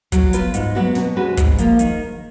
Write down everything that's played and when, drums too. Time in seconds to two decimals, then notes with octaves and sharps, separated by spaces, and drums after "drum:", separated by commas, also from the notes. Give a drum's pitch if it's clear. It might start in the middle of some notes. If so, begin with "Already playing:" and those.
0.12 F#3, drum: kick, hi-hat
0.33 B3 F4 B4, drum: hi-hat
0.54 G#2, drum: hi-hat
0.75 F#3 B3 F#4
0.95 B2, drum: snare
1.16 G#3 C#4 F#4 B4
1.37 G#2, drum: kick, hi-hat
1.58 F3 A#3, drum: hi-hat
1.79 D#3, drum: hi-hat